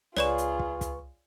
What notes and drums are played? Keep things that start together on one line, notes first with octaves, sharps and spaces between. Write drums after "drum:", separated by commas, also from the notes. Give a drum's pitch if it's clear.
C#2 F4 G#4 B4 C#5 D5 C#6 E7, drum: snare
drum: hi-hat
drum: kick
drum: kick, hi-hat